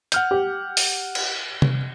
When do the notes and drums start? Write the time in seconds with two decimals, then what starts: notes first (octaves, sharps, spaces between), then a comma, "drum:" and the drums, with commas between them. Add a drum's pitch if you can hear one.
0.12 F#5 F6 G6, drum: hi-hat
0.31 G4
0.77 drum: open hi-hat
1.15 drum: cymbal
1.62 drum: tom C3